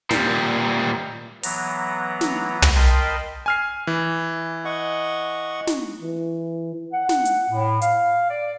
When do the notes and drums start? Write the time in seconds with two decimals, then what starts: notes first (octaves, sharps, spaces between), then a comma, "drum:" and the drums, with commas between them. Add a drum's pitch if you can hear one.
0.11 A#2 G3, drum: snare
1.43 E3 F#3 B3 A#5, drum: open hi-hat
2.21 drum: snare
2.62 drum: tom
2.75 A#4 D#5 G5 A5 B5 C6
3.46 G#5 F6 C7
3.87 E3
4.65 D#5 F#5 C#6
5.67 drum: snare
6.01 E3
6.93 F#5
7.09 drum: snare
7.26 drum: hi-hat
7.50 A2
7.82 F5, drum: hi-hat
8.30 D5